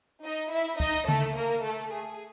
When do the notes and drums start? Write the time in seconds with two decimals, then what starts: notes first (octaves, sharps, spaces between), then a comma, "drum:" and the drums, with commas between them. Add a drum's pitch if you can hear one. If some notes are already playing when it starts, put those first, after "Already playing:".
0.24 D#4 D#5
0.52 E4 E5
0.80 D#4 D#5, drum: kick
1.08 A3 A4, drum: tom C#3
1.37 A#3 A#4
1.65 A3 A4
1.93 G#4